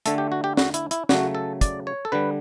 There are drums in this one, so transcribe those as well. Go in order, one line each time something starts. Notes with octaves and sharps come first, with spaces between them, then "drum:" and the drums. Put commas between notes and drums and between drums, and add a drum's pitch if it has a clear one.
D3 A3 A4, drum: hi-hat
G4
F#4
G4
F#4, drum: snare
E4, drum: hi-hat
E4, drum: hi-hat
C#3 F#3 A3 F#4, drum: snare
A4
D5, drum: kick, hi-hat
C#5
A4
D3 G3 B4